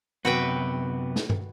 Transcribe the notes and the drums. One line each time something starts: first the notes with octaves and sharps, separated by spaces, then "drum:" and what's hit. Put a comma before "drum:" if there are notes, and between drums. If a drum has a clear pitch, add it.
F#2 C3 B3 F#4 B4 G5
drum: snare
drum: tom